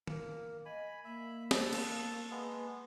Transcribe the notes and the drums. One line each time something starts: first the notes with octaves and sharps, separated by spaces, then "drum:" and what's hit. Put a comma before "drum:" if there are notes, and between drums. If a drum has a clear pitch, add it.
A#3, drum: tom D#3
D#5 G#5 B5
A#3 E5 B5
A4, drum: snare
drum: cymbal
G#3 B3